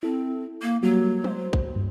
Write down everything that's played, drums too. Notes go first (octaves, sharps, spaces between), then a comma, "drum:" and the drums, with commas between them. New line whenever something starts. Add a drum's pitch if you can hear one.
C4 E4 A4
A#3
F#3 G3 A#3 F#4
C5, drum: tom
drum: kick
G2